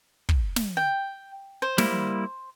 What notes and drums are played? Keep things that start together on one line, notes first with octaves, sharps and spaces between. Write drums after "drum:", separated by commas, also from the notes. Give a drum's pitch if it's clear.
drum: kick
drum: snare
G5
C5
G3 A#3 E4, drum: snare